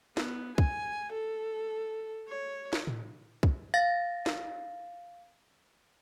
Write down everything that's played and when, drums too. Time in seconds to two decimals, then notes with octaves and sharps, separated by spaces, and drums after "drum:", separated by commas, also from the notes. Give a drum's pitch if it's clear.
0.17 B3, drum: snare
0.58 G#5, drum: kick
1.13 A4
2.28 C#5
2.73 drum: snare
2.87 drum: tom A2
3.43 drum: kick
3.74 F5 A6 A#6
4.26 drum: snare